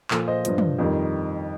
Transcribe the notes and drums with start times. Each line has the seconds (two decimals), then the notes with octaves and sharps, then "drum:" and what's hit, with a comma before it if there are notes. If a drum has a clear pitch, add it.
0.11 A#2 F3 A4, drum: clap
0.28 C5 D#5
0.45 G2 F3, drum: hi-hat
0.58 drum: tom
0.78 F2 D#3 G3